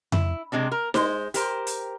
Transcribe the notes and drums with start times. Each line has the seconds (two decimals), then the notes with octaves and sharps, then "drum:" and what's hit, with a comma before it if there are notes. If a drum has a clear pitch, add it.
0.12 E4, drum: tom F2
0.52 C3 G#3 C4 D4
0.72 A#4
0.94 G#3 C5, drum: snare D#4
1.34 G4 A#4 C5, drum: hi-hat
1.67 drum: hi-hat